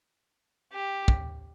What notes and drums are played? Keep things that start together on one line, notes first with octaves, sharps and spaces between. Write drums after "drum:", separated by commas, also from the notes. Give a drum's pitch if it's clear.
G4
drum: kick